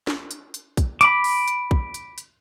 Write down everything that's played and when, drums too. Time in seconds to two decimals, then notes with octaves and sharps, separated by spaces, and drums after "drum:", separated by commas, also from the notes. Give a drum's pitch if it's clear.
0.07 drum: snare
0.31 drum: hi-hat
0.54 drum: hi-hat
0.77 drum: kick A#1, hi-hat
1.01 B5 D6, drum: hi-hat
1.24 drum: open hi-hat
1.48 drum: hi-hat
1.71 drum: kick A#1
1.94 drum: hi-hat
2.18 drum: hi-hat